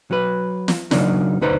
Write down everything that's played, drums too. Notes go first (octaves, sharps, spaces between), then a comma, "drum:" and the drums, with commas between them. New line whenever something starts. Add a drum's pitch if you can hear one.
F#3 B4
drum: snare
C#3 F#3 A#3 D4 D#4, drum: snare
D2 D#4 B4 C5 A#5